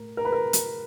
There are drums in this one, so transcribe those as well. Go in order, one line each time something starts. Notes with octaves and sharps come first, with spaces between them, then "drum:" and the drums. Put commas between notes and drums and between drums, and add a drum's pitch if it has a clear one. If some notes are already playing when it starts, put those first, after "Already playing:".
Already playing: A2 A#4
A#4
B4
A#4
drum: hi-hat